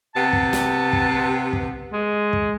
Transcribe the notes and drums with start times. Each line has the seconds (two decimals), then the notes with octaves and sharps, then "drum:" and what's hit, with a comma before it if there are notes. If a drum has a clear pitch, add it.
0.15 C3 B3 G4 A5
0.33 drum: kick
0.53 drum: snare
0.93 drum: kick
1.53 drum: kick
1.93 G#3
2.33 drum: kick